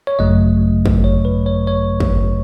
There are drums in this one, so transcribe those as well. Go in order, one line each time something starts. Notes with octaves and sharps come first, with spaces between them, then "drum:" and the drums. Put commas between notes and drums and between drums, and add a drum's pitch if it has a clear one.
C#5
G#1 F#2 C#3 F#3 A3 D#5
drum: kick
C#5
B4
C#5
C#5
drum: kick